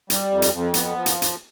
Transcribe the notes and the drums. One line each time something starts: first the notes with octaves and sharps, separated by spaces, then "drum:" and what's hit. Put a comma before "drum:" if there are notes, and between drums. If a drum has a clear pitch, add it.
G3, drum: hi-hat
F2
drum: hi-hat
F2
B3, drum: hi-hat
F3
drum: hi-hat
drum: hi-hat